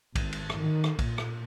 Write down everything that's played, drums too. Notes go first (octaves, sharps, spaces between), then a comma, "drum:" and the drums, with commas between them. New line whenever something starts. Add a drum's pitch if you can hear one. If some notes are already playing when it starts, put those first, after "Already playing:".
G#1, drum: kick A#1, cymbal
drum: cymbal
drum: rim click
D#3
drum: rim click
A#2, drum: kick A#1, cymbal
drum: rim click